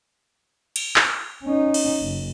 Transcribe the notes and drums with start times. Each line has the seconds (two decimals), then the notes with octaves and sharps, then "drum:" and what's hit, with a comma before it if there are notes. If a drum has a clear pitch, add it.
0.76 drum: cymbal
0.96 drum: clap
1.44 C#4 D#4
1.74 drum: cymbal
2.01 F#1